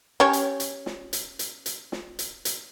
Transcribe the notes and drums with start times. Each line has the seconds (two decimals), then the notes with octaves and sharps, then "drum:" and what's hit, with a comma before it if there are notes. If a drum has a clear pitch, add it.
0.20 C#4 G4 C#5
0.33 drum: hi-hat
0.60 drum: hi-hat
0.86 drum: snare
1.13 drum: hi-hat
1.39 drum: hi-hat
1.66 drum: hi-hat
1.92 drum: snare
2.19 drum: hi-hat
2.45 drum: hi-hat